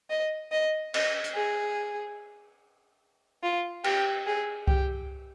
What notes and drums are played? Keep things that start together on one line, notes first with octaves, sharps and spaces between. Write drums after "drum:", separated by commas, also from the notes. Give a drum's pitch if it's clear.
D#5
D#5
D#5, drum: cymbal
drum: hi-hat
G#4
F4
G4, drum: cymbal
G#4
G4, drum: kick C2